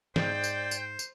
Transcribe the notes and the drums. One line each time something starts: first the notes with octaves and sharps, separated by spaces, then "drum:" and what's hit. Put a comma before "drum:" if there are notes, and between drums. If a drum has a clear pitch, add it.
G#2 C5 D5 G5, drum: snare
drum: tambourine
drum: tambourine
drum: tambourine